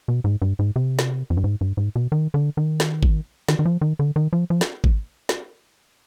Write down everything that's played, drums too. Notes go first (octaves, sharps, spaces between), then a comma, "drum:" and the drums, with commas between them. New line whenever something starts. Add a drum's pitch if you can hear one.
B2
G#2
G2
G#2
C3
drum: snare
F2
G2
G#2
G2
G#2
B2
D#3
D3
D#3
drum: snare
drum: kick G#1
D#3, drum: snare
D#3
F3
D#3
D3
D#3
F3
F3
drum: snare
drum: kick G#1
drum: snare